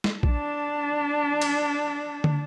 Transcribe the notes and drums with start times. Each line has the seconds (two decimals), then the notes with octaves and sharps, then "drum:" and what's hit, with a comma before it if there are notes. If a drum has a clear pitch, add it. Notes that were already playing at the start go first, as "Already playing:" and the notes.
0.04 drum: snare
0.23 D4 A5, drum: kick A#1
1.42 drum: cymbal
2.24 drum: tom